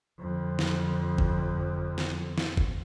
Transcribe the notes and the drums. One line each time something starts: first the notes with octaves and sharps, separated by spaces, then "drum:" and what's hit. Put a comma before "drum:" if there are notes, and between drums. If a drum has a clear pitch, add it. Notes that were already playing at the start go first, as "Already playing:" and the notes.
F2 D3
drum: snare
drum: kick F#1
drum: snare
drum: snare
drum: kick F#1